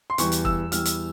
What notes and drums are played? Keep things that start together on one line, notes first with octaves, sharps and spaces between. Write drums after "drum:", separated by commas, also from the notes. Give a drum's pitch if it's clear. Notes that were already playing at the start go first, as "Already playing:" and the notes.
C6
E2 E3 G3 C#6, drum: hi-hat
drum: hi-hat
E6, drum: kick
E2 E3 G3 F6, drum: hi-hat
drum: hi-hat